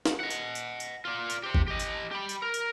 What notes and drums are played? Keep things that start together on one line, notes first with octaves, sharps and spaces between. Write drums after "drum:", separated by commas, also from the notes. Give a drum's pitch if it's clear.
drum: snare
D#5 F#5
drum: tambourine
drum: tambourine
drum: tambourine
F4 D5
drum: tambourine
G4 C5
drum: kick G#1
G4 D#5
drum: tambourine
G4 B5
drum: tambourine
A#4
drum: tambourine